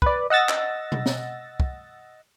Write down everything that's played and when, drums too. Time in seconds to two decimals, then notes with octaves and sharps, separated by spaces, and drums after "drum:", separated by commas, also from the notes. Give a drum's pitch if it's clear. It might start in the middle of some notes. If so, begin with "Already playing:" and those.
0.02 B4 D5, drum: kick
0.30 D#5 F#5 E6 A6 A#6
0.49 drum: clap
0.92 drum: tom B2
1.06 drum: snare
1.60 drum: kick